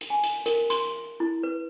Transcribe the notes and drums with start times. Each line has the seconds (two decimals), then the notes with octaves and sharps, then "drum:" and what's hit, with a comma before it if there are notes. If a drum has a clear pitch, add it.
0.01 drum: hi-hat
0.10 G#5
0.23 drum: hi-hat
0.46 A#4, drum: hi-hat
0.70 C6, drum: hi-hat
1.20 E4
1.43 B4